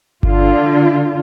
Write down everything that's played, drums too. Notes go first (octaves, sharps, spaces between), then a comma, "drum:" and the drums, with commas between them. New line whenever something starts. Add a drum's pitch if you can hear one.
D3 F4, drum: kick G1